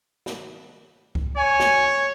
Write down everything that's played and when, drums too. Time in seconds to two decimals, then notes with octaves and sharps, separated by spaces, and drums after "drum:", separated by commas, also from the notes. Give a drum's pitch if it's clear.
0.26 drum: snare
1.15 drum: kick C2
1.37 C#5 G#5
1.60 drum: snare